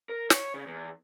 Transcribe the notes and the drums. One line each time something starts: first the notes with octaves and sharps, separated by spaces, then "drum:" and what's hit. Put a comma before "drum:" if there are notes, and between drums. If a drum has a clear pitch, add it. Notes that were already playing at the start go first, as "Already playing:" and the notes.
A#4
C#5, drum: snare
C#3
E2